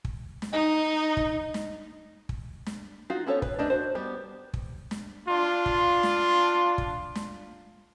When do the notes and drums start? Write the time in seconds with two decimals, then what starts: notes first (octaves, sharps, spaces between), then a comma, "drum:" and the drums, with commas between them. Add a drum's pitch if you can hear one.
0.05 drum: kick
0.42 drum: snare
0.53 D#4 D#5
1.17 drum: kick
1.54 drum: snare
2.29 drum: kick
2.66 drum: snare
3.10 D#4 F4 F#4 F5
3.27 B3 C#4 A4 B4 C#5
3.42 B4, drum: kick
3.59 A3 D4 G4 D#5 A5
3.70 F#4 C5
3.95 G3 B3 G4
4.54 drum: kick
4.91 drum: snare
5.28 D4 F4
5.66 drum: kick
6.03 drum: snare
6.78 drum: kick
7.15 drum: snare